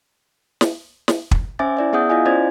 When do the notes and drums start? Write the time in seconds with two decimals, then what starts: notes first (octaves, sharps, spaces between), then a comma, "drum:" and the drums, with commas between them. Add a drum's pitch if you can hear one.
0.61 drum: snare
1.08 drum: snare
1.31 drum: kick
1.59 C#4 C5 E5 G#5 D6 A6
1.77 E4 D5 E5
1.93 B3 G#4 E5 F#5 D#6 G6
2.09 E4 F4 D#5 F5 G#5
2.25 C#4 F4 C5 D5 G#6 A6